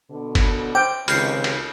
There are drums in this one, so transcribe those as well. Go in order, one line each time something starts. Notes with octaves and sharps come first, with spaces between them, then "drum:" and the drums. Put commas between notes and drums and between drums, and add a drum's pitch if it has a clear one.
B2 D3
drum: kick, cymbal
C5 G5 D6
C#2 C3 D#3 F6 G6 C7, drum: cymbal
drum: cymbal